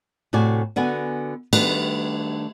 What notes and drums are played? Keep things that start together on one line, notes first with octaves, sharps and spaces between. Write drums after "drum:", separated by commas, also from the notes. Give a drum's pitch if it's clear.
A2 C3 F#4 D5 G#5
D3 B3 F#4 D5 G#5
D#3 G3 A3 B3 D4 B4, drum: cymbal